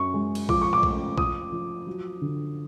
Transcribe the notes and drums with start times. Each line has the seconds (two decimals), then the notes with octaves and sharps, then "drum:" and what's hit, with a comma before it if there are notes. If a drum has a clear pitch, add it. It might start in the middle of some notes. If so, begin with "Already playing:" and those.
Already playing: F#2 C#6
0.14 G#3
0.35 drum: cymbal
0.49 F3 D6, drum: kick B1
0.61 C#6
0.73 D6
0.83 A3, drum: kick B1
1.18 F3 D#6, drum: kick B1
1.52 F3
1.87 F#3
2.21 D3